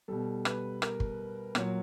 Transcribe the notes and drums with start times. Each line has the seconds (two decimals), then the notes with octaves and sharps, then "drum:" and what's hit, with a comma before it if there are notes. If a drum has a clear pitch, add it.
0.08 B2 G3 A4
0.45 B4, drum: rim click
0.82 A#4, drum: rim click
1.00 drum: kick G1
1.55 A#2 F#3, drum: rim click